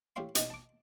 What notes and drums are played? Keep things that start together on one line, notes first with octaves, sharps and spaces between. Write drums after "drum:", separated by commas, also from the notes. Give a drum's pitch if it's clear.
A1 A2 G4 C#5 F5 C6
B2 D#4 D#5, drum: hi-hat
A5 D6